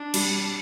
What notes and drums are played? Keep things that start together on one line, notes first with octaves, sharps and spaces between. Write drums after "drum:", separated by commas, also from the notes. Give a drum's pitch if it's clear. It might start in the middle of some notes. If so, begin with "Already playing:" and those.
Already playing: D4
G3, drum: cymbal